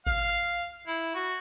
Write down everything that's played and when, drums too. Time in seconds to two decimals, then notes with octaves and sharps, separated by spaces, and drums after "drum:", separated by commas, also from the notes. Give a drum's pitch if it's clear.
0.06 F5, drum: kick G#1
0.87 E4
1.15 F#4